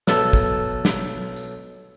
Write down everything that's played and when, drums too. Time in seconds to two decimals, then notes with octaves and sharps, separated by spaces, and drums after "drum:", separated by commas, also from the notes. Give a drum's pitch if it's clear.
0.08 B1 A4, drum: snare
0.33 drum: kick, tambourine
0.85 drum: snare
1.36 drum: tambourine